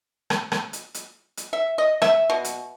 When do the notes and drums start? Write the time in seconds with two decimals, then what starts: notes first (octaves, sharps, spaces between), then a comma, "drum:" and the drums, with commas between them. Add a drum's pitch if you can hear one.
0.30 drum: rim click
0.52 drum: rim click
0.73 drum: hi-hat
0.94 drum: hi-hat
1.37 drum: hi-hat
1.53 E5
1.78 D#5
2.02 E5, drum: rim click
2.30 B2
2.44 drum: hi-hat